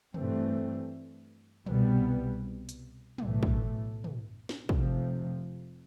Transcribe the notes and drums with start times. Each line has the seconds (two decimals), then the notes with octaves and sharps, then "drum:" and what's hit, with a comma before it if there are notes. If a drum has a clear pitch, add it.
0.14 G2 E3 A3 C4, drum: tom
1.66 C2 B2 G3 B3, drum: tom
2.69 drum: hi-hat
3.18 B1 A2 E3 A3, drum: tom
3.43 drum: kick
4.04 drum: tom
4.49 drum: snare
4.69 F1 F2 C3 F3, drum: kick